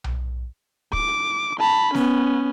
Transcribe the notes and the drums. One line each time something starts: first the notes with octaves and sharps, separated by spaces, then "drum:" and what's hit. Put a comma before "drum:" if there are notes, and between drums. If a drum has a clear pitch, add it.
drum: tom B1
D6, drum: kick
A5 B5
B3 C#4, drum: snare